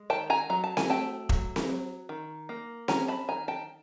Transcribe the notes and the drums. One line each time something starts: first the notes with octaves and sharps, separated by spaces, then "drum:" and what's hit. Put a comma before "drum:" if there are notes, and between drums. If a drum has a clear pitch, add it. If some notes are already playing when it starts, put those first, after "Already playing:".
Already playing: G#3
D#3 G5 A5
G#5 A#5
F#3 A#5
A5
G#5, drum: snare C4
A3 G5 A5
F#3, drum: kick E1
drum: snare C4
F#3
D#3
A#3
C#4 G#5 A#5, drum: snare C4
A5 B5
D#3 G#5 A#5
G5 A5